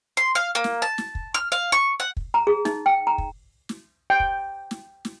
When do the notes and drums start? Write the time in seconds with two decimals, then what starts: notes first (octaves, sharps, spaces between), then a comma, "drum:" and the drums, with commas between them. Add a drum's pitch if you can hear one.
0.17 C6
0.35 F5
0.55 A#3
0.64 drum: snare
0.82 A5
0.98 drum: snare
1.15 drum: kick
1.34 F6
1.52 F5
1.72 C#6
2.00 F#5
2.17 drum: kick
2.34 A#5
2.47 G#4
2.65 D#4, drum: snare
2.86 G5
3.07 A#5
3.18 drum: kick
3.69 drum: snare
4.10 G5
4.20 drum: kick
4.71 drum: snare
5.05 drum: snare